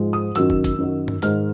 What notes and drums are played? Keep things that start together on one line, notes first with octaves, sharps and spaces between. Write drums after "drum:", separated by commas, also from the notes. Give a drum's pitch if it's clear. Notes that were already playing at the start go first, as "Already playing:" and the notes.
Already playing: G#2 F3 G#3
D#6
F#2 D#3 F#3 E6, drum: hi-hat
drum: kick
drum: kick, hi-hat
F#2 D#3 F#3
drum: tom G2
G#2 D#3 G#3 F6, drum: hi-hat